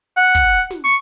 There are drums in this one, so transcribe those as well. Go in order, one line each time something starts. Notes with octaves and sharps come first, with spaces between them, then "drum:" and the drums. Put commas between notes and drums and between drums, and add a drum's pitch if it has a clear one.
F#5
drum: kick
drum: snare
C#6